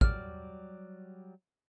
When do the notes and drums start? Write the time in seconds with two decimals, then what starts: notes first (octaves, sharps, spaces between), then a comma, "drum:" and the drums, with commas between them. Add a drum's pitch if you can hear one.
0.01 F#3 G3 D5 F6, drum: kick